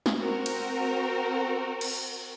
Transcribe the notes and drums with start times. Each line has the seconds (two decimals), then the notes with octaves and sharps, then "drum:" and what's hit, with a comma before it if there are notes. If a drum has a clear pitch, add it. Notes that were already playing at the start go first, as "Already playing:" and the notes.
0.06 drum: snare
0.16 C4 F#4 A#4
0.46 drum: cymbal
1.81 drum: cymbal